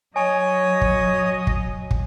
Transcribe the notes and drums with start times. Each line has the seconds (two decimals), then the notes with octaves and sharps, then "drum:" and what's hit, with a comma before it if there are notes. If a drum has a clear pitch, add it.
0.16 F#3 C#5 D#5 G#5
0.81 drum: kick
1.47 drum: kick
1.91 drum: kick